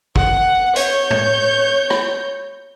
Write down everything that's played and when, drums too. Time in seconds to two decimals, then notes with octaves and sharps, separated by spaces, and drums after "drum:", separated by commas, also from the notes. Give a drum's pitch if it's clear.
0.16 F#5, drum: kick
0.76 C#5 G6, drum: hi-hat
1.11 drum: tom
1.90 drum: rim click